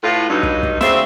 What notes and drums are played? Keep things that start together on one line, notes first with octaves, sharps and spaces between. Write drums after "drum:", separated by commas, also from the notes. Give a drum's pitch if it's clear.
A2 F4 B4
G2 F#3 D#4
drum: kick
drum: kick
D2 C#3 C4 F4 C5 E5, drum: snare